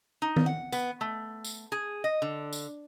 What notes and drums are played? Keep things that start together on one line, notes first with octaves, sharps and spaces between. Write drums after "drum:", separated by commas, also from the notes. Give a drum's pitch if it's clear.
D#4
drum: tom D#3
F#5
B3, drum: tambourine
A3
drum: tambourine
G#4
D#5
D3
drum: tambourine